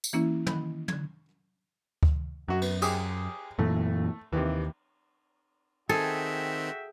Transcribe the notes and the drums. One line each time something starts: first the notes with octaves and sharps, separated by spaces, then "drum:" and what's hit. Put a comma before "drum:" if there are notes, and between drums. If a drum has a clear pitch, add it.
drum: tambourine
E3 A#3 C#4 E4
D#3 B5, drum: tom
D3 G#6, drum: tom
drum: kick D2
F#2 F#3 F#4
B3, drum: cymbal
G4 G#4 D#6, drum: cymbal
F#2 A#2 E3 A3
D#2 C3 D#3 E3
D#3 C4 F#4 G#4 A4 E5 G5